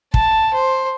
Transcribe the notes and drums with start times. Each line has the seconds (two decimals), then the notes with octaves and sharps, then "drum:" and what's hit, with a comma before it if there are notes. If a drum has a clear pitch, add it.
0.14 A5, drum: kick
0.54 C5